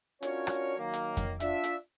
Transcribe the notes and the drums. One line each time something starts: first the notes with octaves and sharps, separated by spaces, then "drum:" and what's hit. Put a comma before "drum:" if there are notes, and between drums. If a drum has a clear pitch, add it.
C#4 D4 F4 F#4 A#4 C#5, drum: hi-hat
drum: rim click
D#3 F#3 A#3
drum: hi-hat
drum: kick F2, hi-hat
D4 F4 E5, drum: hi-hat
drum: hi-hat